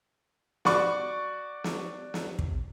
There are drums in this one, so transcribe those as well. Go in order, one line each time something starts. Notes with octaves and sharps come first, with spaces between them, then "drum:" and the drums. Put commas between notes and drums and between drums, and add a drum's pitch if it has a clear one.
F#4 D5 C#6, drum: snare
drum: snare
drum: snare
drum: kick